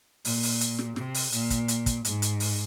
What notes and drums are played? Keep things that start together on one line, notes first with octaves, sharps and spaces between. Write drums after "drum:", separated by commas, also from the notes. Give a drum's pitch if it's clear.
A#2, drum: open hi-hat
drum: open hi-hat
drum: hi-hat
drum: snare
C3, drum: snare
drum: open hi-hat
A#2, drum: hi-hat
drum: kick, hi-hat
drum: hi-hat
drum: kick, hi-hat
G#2, drum: hi-hat
drum: hi-hat
drum: open hi-hat